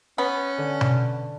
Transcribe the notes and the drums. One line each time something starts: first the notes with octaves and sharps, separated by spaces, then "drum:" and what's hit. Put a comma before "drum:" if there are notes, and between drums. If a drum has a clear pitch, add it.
B3 C#4
D3
drum: tom B2